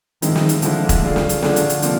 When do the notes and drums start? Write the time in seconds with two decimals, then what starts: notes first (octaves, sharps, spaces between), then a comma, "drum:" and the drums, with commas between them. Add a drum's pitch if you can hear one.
0.22 D#3 F3 G#3 C4 E4, drum: hi-hat
0.35 drum: snare
0.49 drum: hi-hat
0.62 D3 F3 G#3 C4 E4, drum: hi-hat
0.89 drum: kick E1, hi-hat
1.02 A3 D4 F4 G#4
1.16 drum: snare
1.29 drum: hi-hat
1.42 D3 A3 D4 F4 G#4, drum: snare
1.56 drum: hi-hat
1.69 drum: hi-hat
1.82 C3 F3 A#3 D4 F4, drum: hi-hat